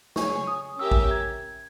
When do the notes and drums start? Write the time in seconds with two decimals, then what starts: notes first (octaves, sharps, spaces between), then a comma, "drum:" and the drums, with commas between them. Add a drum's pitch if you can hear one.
0.16 G#4 C#5 G#5 C#6, drum: snare
0.47 D#6
0.79 C#4 G4 A#4 E5 E6
0.91 drum: kick A1
1.11 G#6